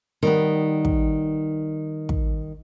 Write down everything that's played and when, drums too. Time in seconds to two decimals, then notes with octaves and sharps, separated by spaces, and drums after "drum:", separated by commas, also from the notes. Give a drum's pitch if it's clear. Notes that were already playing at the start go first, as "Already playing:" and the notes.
0.23 D#3 G3 B3
0.85 drum: kick
2.09 drum: kick